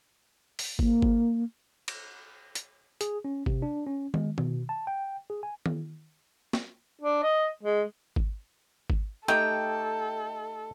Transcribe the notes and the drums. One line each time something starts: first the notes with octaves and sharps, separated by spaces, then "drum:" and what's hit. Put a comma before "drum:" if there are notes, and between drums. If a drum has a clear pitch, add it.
drum: open hi-hat
A#3, drum: kick G#1
drum: kick G#1
drum: cymbal
drum: hi-hat
G#4, drum: hi-hat
C#4
C3, drum: kick G#1
D4
C#4
G#3, drum: tom D#3
B2, drum: tom D#3
A5
G5
G#4
G#5
drum: tom D#3
drum: snare
D4
D#5
G#3
drum: kick G#1
drum: kick G#1
A3 D#4 G4 A4 G5